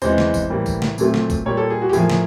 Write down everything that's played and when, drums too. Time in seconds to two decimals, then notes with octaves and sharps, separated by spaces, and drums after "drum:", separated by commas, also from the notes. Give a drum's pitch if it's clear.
0.02 E2 C3 E3 G#3 C5, drum: tambourine
0.18 drum: snare
0.34 drum: kick, tambourine
0.49 A2 E3 G3 A#3
0.66 drum: kick, tambourine
0.82 drum: snare
0.98 A#2 F#3 A3 C4, drum: tambourine
1.14 drum: snare
1.30 drum: kick, tambourine
1.45 A#2 G3 A#3 C#5
1.57 A4
1.70 G#4
1.82 F#4
1.89 G4
1.93 A2 F3 A#3 G#4, drum: tambourine
2.10 drum: snare